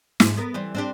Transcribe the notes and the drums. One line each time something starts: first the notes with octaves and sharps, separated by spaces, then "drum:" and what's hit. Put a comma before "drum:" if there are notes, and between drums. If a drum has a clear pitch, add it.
G#2, drum: snare
B3 A#4
E3 G3 C4
C4 D4 G4